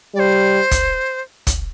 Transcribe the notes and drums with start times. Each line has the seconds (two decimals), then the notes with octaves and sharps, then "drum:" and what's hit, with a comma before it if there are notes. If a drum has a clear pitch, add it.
0.14 G3 D5
0.19 C5
0.71 drum: kick, hi-hat
1.47 drum: kick, hi-hat